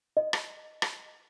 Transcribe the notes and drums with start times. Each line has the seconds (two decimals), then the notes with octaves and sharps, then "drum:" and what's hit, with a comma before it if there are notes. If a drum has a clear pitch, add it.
0.17 D#5
0.33 drum: rim click
0.82 drum: rim click